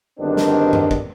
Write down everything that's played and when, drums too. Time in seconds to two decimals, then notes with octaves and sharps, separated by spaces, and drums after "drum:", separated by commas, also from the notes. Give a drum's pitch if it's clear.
0.20 G1 G#2 D#3 C4 D4
0.37 drum: snare
0.73 drum: tom F#2
0.91 drum: kick